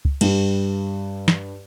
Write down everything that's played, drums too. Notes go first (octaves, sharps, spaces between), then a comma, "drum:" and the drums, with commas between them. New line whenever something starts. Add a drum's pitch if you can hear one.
drum: kick
G2 G3, drum: cymbal
drum: snare